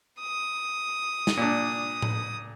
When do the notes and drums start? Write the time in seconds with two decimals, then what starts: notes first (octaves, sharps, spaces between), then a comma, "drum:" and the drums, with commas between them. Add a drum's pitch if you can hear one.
0.21 D#6
1.27 drum: snare
1.37 A#2 D4
2.02 drum: tom A2